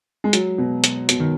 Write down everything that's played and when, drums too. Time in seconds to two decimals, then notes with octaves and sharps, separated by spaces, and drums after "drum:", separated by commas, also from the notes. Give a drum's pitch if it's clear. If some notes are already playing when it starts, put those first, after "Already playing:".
0.24 G#3
0.33 F#3, drum: hi-hat
0.58 B2
0.84 drum: hi-hat
1.09 B2, drum: hi-hat
1.20 D#3